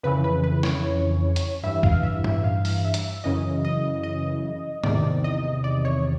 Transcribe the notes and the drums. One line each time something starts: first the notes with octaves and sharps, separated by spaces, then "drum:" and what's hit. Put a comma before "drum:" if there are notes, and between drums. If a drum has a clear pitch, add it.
F2 C#3 E3 B4
B4
B4
C#5, drum: snare
drum: hi-hat
G2 E3 E5
F5, drum: kick C#2
E5
E5, drum: tom A2
F5
drum: open hi-hat
E5
drum: hi-hat
F#2 C#3 E3 D#5
D#5
D#5
E2 C3 D#3 D5, drum: tom G#2
D#5
D5
C#5